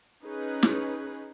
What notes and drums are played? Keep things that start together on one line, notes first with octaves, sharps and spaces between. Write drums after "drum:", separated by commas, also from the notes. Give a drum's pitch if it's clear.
C#4 D#4 G#4 B4
drum: snare